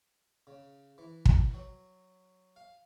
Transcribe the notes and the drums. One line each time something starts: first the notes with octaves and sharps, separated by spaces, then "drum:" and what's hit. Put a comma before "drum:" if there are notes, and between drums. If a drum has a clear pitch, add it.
C#3
E3
drum: kick
F#3
F5